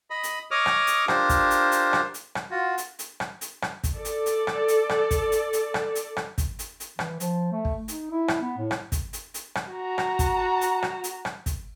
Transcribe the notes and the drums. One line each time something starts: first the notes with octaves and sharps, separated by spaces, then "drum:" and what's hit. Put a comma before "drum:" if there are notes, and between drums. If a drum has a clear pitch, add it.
D#5 B5
drum: hi-hat
C#5 D#5 D6 D#6 F6
drum: rim click
drum: hi-hat
D4 F4 G4 A#4 C5, drum: rim click
drum: kick, hi-hat
drum: hi-hat
drum: hi-hat
drum: rim click
drum: hi-hat
drum: rim click
F4 F#4
drum: hi-hat
drum: hi-hat
drum: rim click
drum: hi-hat
drum: rim click
drum: kick, hi-hat
A4 D5
drum: hi-hat
drum: hi-hat
drum: rim click
drum: hi-hat
drum: rim click
drum: kick, hi-hat
drum: hi-hat
drum: hi-hat
drum: rim click
drum: hi-hat
drum: rim click
drum: kick, hi-hat
drum: hi-hat
drum: hi-hat
E3, drum: rim click
F3, drum: hi-hat
A3
drum: kick
D#4, drum: hi-hat
E4
drum: rim click
B3
A2
drum: rim click
drum: kick, hi-hat
drum: hi-hat
drum: hi-hat
drum: rim click
F#4 A#5
drum: rim click
drum: kick, hi-hat
drum: hi-hat
drum: rim click
drum: hi-hat
drum: rim click
drum: kick, hi-hat